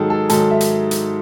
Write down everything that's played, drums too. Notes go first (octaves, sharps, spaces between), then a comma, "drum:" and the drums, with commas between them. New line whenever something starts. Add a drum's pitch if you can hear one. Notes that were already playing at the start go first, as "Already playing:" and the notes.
Already playing: G#2 D#3 F#3 G#4 A4
A4
G#2 D#3 F#3 A4, drum: hi-hat
E5
drum: hi-hat
drum: hi-hat